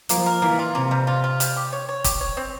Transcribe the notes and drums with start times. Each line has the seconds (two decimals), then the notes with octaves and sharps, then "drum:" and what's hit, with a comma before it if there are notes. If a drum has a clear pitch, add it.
0.09 F3 A#3, drum: hi-hat
0.26 A#4
0.42 E3 A#3
0.59 F4
0.74 C3 A#3
0.91 G3
1.07 F4
1.24 F4
1.40 G3, drum: hi-hat
1.56 G4
1.73 C#5
1.89 C#5
2.04 G4, drum: kick, hi-hat
2.21 C#5
2.37 C4